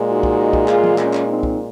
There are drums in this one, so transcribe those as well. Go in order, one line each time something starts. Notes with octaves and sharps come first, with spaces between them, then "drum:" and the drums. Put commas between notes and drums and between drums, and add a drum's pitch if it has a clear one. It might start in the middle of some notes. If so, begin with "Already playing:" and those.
Already playing: A#2 G#3
D#4 F#4
drum: kick
drum: kick
F4 G#4, drum: clap
drum: tom E3
C#4 F4, drum: clap
drum: clap
C4 D#4
drum: kick